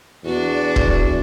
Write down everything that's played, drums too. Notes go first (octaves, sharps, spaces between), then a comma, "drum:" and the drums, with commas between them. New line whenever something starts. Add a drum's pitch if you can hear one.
E2 D4 F#4
drum: kick